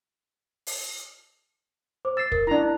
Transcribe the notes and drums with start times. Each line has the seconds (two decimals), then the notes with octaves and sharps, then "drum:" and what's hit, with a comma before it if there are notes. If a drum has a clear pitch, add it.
0.67 drum: open hi-hat
2.05 C5 D6
2.17 E6 A6 C7
2.32 A#4, drum: kick
2.47 D4 E4 A#5